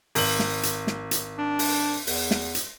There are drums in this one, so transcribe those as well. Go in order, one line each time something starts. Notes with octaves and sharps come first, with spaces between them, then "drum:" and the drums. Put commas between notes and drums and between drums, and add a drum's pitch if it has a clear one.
G#1 F#7, drum: open hi-hat
drum: snare
drum: hi-hat
drum: snare
drum: hi-hat
D4
drum: open hi-hat
E2, drum: open hi-hat
drum: snare
drum: hi-hat